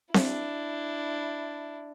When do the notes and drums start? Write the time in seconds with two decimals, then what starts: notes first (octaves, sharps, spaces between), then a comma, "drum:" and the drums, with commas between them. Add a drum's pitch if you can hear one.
0.14 D4 E4, drum: snare C4